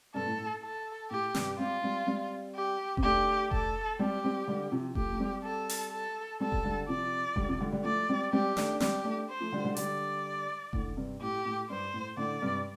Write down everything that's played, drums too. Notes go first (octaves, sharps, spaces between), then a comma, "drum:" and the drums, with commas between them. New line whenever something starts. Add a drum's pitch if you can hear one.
G2 C3 A4
A2
A2
A4
A2 G4
G2 C3, drum: snare
G3 C4 F4
G3 C4
G3 C4
G4
C4, drum: kick F1
A3 D4 G4
A4, drum: kick F1
G3 C4 G4
G3 C4
D3 G3
C3 F3
F3 A3 G4, drum: kick F1
A3
G3 C4
A4
drum: open hi-hat
A4
G3 C4 A4
drum: kick F1
D3 G3
C3 F3 D5
D3 G3, drum: kick F1
C3 F3
D3 G3
D3 G3
F3 A3 D5
G3 C4
G3 C4 G4
A3 D4, drum: snare
D4
G3 C4 G4, drum: snare
A3 D4
C5
F3 A3
D3 G3
D3 G3
D3 G3 D5, drum: hi-hat
A2 D3, drum: kick F1
G2 C3
A2 G4
A2
G2 C5
A2
A2 D3 D5
G2 C3